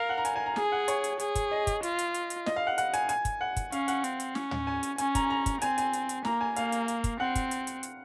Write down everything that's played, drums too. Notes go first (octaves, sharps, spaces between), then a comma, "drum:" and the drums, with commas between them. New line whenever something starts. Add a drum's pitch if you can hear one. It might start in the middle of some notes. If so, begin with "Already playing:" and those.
Already playing: A#4 F5
F#5
A#5
G#5, drum: hi-hat
G#5
A#5
G#4 G#5, drum: snare
F#5
C#5, drum: hi-hat
drum: hi-hat
G#4, drum: hi-hat
drum: kick, hi-hat
D#5
drum: kick, hi-hat
F4, drum: hi-hat
drum: hi-hat
drum: hi-hat
drum: hi-hat
D#5, drum: snare
F5
F#5
F#5, drum: hi-hat
G#5, drum: hi-hat
G#5, drum: hi-hat
drum: kick, hi-hat
F#5
drum: kick, hi-hat
C#4 F5, drum: hi-hat
F#5, drum: hi-hat
C4, drum: hi-hat
drum: hi-hat
C#4, drum: snare
drum: tom
G#5
drum: hi-hat
C#4 G#5, drum: hi-hat
A#5, drum: kick, hi-hat
A#5
drum: kick, hi-hat
C4 G#5, drum: hi-hat
G#5, drum: hi-hat
drum: hi-hat
drum: hi-hat
A#3 A#5, drum: snare
G#5
A#3 F5, drum: hi-hat
drum: hi-hat
drum: hi-hat
drum: kick, hi-hat
C4 F#5
drum: kick, hi-hat
drum: hi-hat
drum: hi-hat
drum: hi-hat